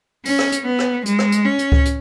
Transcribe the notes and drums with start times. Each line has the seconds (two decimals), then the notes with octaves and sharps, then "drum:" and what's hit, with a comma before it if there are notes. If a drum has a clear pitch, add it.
0.25 C#4, drum: open hi-hat
0.39 drum: rim click
0.52 drum: hi-hat
0.66 B3
0.79 drum: rim click
1.06 G#3, drum: hi-hat
1.19 drum: rim click
1.32 drum: hi-hat
1.45 C#4
1.59 drum: hi-hat
1.72 drum: kick C#2
1.85 drum: hi-hat